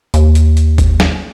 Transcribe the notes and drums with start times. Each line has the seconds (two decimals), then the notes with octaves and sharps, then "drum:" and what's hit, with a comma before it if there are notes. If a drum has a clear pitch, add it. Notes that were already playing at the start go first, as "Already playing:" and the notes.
0.14 D#2, drum: hi-hat
0.35 drum: hi-hat
0.57 drum: hi-hat
0.78 drum: kick, hi-hat
1.00 drum: snare